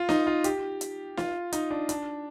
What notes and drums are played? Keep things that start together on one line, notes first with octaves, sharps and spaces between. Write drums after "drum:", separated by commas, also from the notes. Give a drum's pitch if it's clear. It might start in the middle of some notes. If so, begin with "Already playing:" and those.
Already playing: F4
D#4, drum: snare
F4
G4, drum: hi-hat
drum: hi-hat
F4, drum: snare
D#4, drum: hi-hat
D4
D4, drum: hi-hat